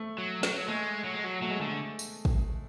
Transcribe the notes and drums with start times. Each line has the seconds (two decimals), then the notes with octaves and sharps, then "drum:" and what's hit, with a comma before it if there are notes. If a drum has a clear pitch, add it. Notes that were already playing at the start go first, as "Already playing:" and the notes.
Already playing: A3
0.18 F#3
0.43 F#3, drum: snare
0.68 G#3 A3
1.04 F#3
1.14 G#3
1.23 F#3
1.42 F#3 A3
1.51 G#3
1.61 D3 A3
1.99 drum: tambourine
2.25 drum: kick